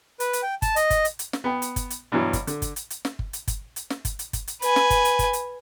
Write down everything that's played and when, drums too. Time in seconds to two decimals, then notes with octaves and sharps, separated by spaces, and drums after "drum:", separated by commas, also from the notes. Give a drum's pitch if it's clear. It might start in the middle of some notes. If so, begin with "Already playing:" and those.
0.20 B4, drum: hi-hat
0.33 drum: hi-hat
0.43 G5
0.62 A5, drum: kick G1, hi-hat
0.76 D#5, drum: hi-hat
0.90 drum: kick G1, hi-hat
1.05 drum: hi-hat
1.19 drum: hi-hat
1.33 drum: snare
1.44 B3 G5
1.62 drum: hi-hat
1.76 drum: kick G1, hi-hat
1.90 drum: hi-hat
2.12 G2 B2 E3 F#3
2.33 drum: kick G1, hi-hat
2.47 D3, drum: hi-hat
2.62 drum: kick G1, hi-hat
2.76 drum: hi-hat
2.90 drum: hi-hat
3.05 drum: snare
3.19 drum: kick G1
3.33 drum: hi-hat
3.48 drum: kick G1, hi-hat
3.76 drum: hi-hat
3.90 drum: snare
4.05 drum: kick G1, hi-hat
4.19 drum: hi-hat
4.33 drum: kick G1, hi-hat
4.48 drum: hi-hat
4.62 B4 G#5, drum: hi-hat
4.76 drum: snare
4.90 drum: kick G1, hi-hat
5.05 drum: hi-hat
5.19 drum: kick G1, hi-hat
5.33 drum: hi-hat